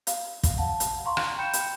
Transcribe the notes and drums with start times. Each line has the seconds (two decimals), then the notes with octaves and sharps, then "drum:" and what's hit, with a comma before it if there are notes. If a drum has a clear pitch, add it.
0.07 F5, drum: hi-hat
0.43 drum: kick, hi-hat
0.57 F5 F#5 A5
0.80 drum: hi-hat
1.05 F5 A#5 C6 C#6
1.17 drum: rim click
1.38 G5 B5 G6 C#7 E7
1.53 drum: hi-hat